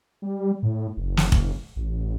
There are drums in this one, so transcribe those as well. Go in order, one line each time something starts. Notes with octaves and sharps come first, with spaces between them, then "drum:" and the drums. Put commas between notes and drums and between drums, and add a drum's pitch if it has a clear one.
G3
A2
F#1
drum: snare
drum: kick
A1